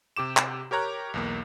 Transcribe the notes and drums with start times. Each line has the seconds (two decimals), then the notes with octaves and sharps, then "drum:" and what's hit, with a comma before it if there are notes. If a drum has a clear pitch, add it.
0.17 C3 G4 D6 E7
0.37 drum: clap
0.71 G4 A#4 C#5 A#5 F#6
1.14 B1 E2 A#3